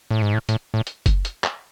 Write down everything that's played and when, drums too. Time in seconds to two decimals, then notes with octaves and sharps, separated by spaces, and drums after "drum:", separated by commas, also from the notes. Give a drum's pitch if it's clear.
0.11 A2
0.22 G#2
0.34 A2
0.49 A2, drum: hi-hat
0.74 A2
0.87 drum: hi-hat
1.06 drum: kick F#1, hi-hat
1.25 drum: hi-hat
1.44 drum: clap